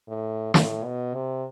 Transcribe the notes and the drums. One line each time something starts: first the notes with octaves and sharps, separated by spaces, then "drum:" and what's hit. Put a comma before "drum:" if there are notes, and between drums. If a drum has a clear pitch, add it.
A2
A2, drum: snare
B2
C3